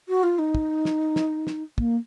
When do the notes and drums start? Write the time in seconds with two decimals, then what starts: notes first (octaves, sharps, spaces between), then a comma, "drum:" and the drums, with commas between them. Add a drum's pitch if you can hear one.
0.09 F#4
0.23 F4
0.39 D#4
0.55 drum: kick
0.85 drum: snare
1.16 drum: snare
1.47 drum: snare
1.78 A#3, drum: kick